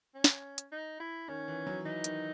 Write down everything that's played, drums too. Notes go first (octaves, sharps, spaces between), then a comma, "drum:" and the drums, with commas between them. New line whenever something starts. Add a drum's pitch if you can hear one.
C#4
drum: snare
drum: hi-hat
D#4
E4
D#3 C#4
E3
F#3
E3 D#4
D#3, drum: hi-hat